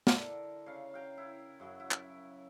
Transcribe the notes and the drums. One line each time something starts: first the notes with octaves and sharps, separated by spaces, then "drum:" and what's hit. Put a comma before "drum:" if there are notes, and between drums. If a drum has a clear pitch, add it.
D3 E4 A#4, drum: snare
C#3 F5
F5 G5 A#5
E4
F#2 C#3 F#3
E4
drum: clap